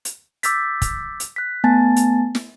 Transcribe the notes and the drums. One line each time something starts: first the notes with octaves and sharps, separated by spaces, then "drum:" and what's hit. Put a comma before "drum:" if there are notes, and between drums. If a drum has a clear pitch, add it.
drum: hi-hat
D6 E6 G6 A6 B6, drum: hi-hat
drum: kick, hi-hat
drum: hi-hat
F#6 B6
A3 B3 G#5 A5 A6
drum: hi-hat
drum: snare